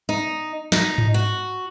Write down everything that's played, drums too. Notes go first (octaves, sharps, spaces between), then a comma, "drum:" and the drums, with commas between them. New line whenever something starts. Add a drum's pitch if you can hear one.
D#4
D#4, drum: snare
drum: tom G#2
F#4